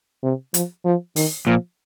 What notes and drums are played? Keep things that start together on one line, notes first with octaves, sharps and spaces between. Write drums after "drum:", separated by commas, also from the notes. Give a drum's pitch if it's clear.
C3
F3, drum: hi-hat
F3
D#3, drum: open hi-hat
A#2 F3